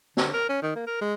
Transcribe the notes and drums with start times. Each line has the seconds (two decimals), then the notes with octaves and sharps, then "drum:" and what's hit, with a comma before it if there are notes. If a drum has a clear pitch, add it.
0.17 D3, drum: snare
0.33 A#4
0.49 C#4
0.62 D#3
0.76 A#3
0.87 A#4
1.01 G#3